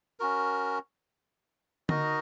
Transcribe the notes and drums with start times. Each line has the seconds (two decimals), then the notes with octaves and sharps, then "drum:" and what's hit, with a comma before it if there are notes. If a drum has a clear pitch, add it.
0.20 C#4 F#4 A#4
1.89 D#4 F#4 A#4 D#5, drum: tom D3